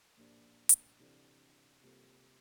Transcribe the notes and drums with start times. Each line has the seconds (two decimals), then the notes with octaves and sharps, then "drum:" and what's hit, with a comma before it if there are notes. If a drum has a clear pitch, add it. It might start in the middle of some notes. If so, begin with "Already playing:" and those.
0.16 A#2 F3 A#3 D4 G4
0.69 drum: hi-hat
0.99 C3 E3 G3 D4 A4
1.83 C3 G3 A#3 F4 A4